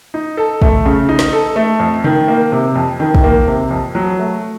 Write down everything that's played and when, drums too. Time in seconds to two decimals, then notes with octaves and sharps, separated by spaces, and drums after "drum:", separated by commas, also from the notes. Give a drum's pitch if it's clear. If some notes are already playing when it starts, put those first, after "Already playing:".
0.14 D#4
0.37 A4
0.62 A3, drum: kick
0.85 C#3
1.09 D#4
1.19 drum: snare
1.33 A4
1.56 A3
1.80 F2
2.04 D#3, drum: tom C3
2.28 A#3
2.52 C3
2.75 F2
3.00 D#3
3.15 drum: kick
3.24 A#3
3.47 C3
3.71 F2
3.95 F#3
4.19 A3